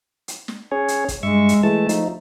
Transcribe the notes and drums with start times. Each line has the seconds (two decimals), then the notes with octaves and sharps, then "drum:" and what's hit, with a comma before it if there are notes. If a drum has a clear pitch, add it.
0.28 drum: hi-hat
0.48 drum: snare
0.71 C#4 G#4 C#5
0.88 drum: hi-hat
1.08 drum: kick, hi-hat
1.23 G2 G#3 E5 C#6
1.49 drum: hi-hat
1.63 E3 G#3 A3 A5
1.89 F3 D#4, drum: hi-hat